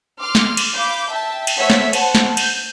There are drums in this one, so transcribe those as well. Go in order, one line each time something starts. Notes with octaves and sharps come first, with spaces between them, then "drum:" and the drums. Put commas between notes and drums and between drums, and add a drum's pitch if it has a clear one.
C6 D6 F6
drum: snare
drum: cymbal
F5 B5 D6 G6
E5 G5 A5
drum: cymbal
A3 C5 C#5 E5 F#5 B6
drum: snare
C5 F#5 A5, drum: cymbal
drum: snare
G6, drum: cymbal